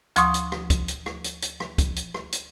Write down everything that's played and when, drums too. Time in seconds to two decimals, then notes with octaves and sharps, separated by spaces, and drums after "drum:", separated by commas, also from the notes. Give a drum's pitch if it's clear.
0.16 D2 F3 C6 C#6 D#6, drum: hi-hat
0.34 drum: hi-hat
0.52 drum: rim click
0.70 drum: kick, hi-hat
0.88 drum: hi-hat
1.06 drum: rim click
1.24 drum: hi-hat
1.42 drum: hi-hat
1.60 drum: rim click
1.78 drum: kick, hi-hat
1.96 drum: hi-hat
2.14 drum: rim click
2.32 drum: hi-hat